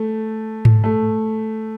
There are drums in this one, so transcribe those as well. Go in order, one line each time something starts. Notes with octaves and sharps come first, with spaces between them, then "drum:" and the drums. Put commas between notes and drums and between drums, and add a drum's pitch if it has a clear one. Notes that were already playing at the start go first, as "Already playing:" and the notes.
Already playing: A3
drum: tom G#2
A3